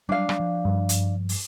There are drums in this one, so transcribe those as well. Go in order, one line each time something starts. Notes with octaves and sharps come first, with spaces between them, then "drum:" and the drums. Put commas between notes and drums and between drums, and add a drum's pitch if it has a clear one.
F#3 G3 D4 F5
drum: rim click
F3
G2
drum: hi-hat
drum: open hi-hat